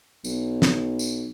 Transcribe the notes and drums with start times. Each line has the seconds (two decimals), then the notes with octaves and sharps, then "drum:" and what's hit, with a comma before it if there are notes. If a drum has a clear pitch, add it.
0.24 B1, drum: tambourine
0.62 drum: snare
0.99 drum: tambourine